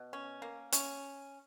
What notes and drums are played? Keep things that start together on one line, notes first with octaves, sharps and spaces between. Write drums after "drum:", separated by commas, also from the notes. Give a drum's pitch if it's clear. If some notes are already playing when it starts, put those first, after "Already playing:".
Already playing: B2
C#4
A#3
C#4, drum: hi-hat